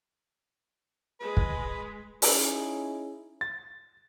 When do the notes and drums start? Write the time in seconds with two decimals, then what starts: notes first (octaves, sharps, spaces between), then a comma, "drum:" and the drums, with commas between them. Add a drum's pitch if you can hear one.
1.20 G#3 B4
1.37 drum: kick
2.22 C#4 D#4 E4 G#4, drum: open hi-hat
3.41 A6